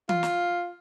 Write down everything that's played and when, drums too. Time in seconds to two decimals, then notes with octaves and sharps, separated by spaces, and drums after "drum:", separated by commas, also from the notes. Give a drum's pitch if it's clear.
0.09 F4, drum: tom E3
0.23 drum: snare